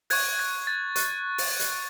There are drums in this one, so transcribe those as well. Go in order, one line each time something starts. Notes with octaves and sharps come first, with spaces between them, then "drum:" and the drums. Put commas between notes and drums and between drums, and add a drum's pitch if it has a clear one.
C#6 F#6 G#6, drum: open hi-hat
G#6
A6
C#6 F#6, drum: hi-hat
drum: open hi-hat
drum: hi-hat